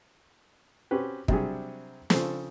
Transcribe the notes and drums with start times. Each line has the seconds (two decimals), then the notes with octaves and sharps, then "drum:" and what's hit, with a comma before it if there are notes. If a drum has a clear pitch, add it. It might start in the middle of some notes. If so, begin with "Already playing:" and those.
0.91 C4 C#4 F#4 G4 B4
1.28 C3 F#3 G3 D4 G4 G#4, drum: kick
2.10 C#3 F3 C4 A4, drum: snare